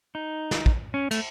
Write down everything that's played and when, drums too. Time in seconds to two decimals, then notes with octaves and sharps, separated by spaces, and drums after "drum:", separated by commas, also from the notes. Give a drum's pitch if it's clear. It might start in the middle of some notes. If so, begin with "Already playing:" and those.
0.15 D#4
0.51 drum: snare
0.66 drum: kick
0.94 C#4
1.11 A3, drum: cymbal